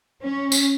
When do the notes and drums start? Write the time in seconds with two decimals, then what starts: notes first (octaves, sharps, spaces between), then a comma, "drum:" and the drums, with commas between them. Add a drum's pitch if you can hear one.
0.22 C#4
0.52 drum: tambourine